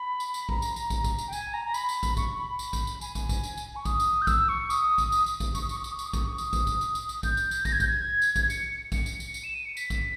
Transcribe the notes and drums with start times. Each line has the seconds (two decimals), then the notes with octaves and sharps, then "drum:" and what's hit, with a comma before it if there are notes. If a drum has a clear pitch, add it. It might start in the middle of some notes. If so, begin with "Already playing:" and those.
Already playing: B5
0.20 drum: tambourine
0.34 drum: tambourine
0.49 A#5, drum: kick
0.62 drum: tambourine
0.76 drum: tambourine
0.90 drum: kick, tambourine
1.04 drum: kick, tambourine
1.18 drum: tambourine
1.28 G5
1.33 G#5, drum: tambourine
1.54 A#5
1.65 A#5
1.74 B5, drum: tambourine
1.89 drum: tambourine
2.03 drum: kick, tambourine
2.17 C#6, drum: kick, tambourine
2.38 B5
2.59 drum: tambourine
2.73 drum: kick, tambourine
2.87 drum: tambourine
3.01 G#5, drum: tambourine
3.15 drum: kick, tambourine
3.29 drum: kick, tambourine
3.43 drum: tambourine
3.57 drum: tambourine
3.76 C#6
3.85 D#6, drum: kick, tambourine
4.00 drum: tambourine
4.22 G6
4.27 E6, drum: kick, tambourine
4.49 C#6
4.70 D#6, drum: tambourine
4.98 drum: kick, tambourine
5.12 drum: tambourine
5.26 drum: tambourine
5.40 drum: kick, tambourine
5.55 C#6, drum: kick, tambourine
5.62 D#6
5.69 C#6, drum: tambourine
5.77 D#6
5.84 C#6, drum: tambourine
5.92 D#6
5.99 C#6, drum: tambourine
6.06 D#6
6.13 C#6, drum: kick, tambourine
6.21 D#6
6.28 C#6
6.38 D#6, drum: tambourine
6.53 drum: kick, tambourine
6.67 drum: kick, tambourine
6.81 drum: tambourine
6.95 drum: tambourine
7.09 drum: tambourine
7.23 G6, drum: kick, tambourine
7.37 drum: tambourine
7.51 drum: tambourine
7.65 A#6, drum: kick, tambourine
7.73 G#6
7.80 G6, drum: kick, tambourine
7.87 G#6
8.22 drum: tambourine
8.36 drum: kick, tambourine
8.50 C#7, drum: tambourine
8.60 C#7
8.71 C#7
8.92 C#7, drum: kick, tambourine
9.06 drum: tambourine
9.20 drum: tambourine
9.34 drum: tambourine
9.44 E7
9.55 D#7
9.65 C#7
9.77 B6, drum: tambourine
9.90 drum: kick, tambourine